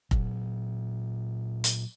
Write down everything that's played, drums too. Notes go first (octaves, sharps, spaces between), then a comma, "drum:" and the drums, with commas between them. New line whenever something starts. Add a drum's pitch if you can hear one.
A#2 F#3, drum: kick F1
drum: hi-hat